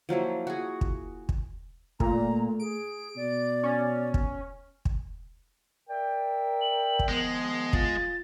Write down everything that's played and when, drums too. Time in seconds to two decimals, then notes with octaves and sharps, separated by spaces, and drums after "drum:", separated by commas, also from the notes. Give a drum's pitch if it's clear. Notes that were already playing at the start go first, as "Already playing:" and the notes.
0.09 F3 F#3 A#3 E4
0.47 F#4 G#4
0.81 drum: kick
1.29 drum: kick
2.00 A#2 A3 A#5, drum: kick
2.60 G#4 D7
3.16 B2 D5
3.63 C#4
4.14 drum: kick
4.85 drum: kick
5.89 A#4 D5 E5 G5
6.61 F#7
6.99 drum: kick
7.08 D#3 F3 G#3 B3
7.73 F4 A6, drum: kick